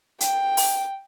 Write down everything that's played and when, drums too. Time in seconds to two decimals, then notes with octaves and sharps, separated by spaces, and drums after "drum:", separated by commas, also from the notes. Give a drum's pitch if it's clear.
0.20 G5, drum: hi-hat
0.57 drum: open hi-hat